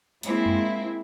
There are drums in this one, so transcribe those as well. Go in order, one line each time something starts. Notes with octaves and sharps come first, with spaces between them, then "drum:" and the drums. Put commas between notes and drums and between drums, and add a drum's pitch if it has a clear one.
G#3 A#3 C4 E4, drum: hi-hat
drum: tom F2